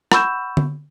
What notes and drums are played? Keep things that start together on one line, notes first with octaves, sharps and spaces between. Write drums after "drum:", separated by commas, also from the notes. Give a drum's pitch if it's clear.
F#5 B5 C#6 E6 G6 E7, drum: rim click
drum: tom D3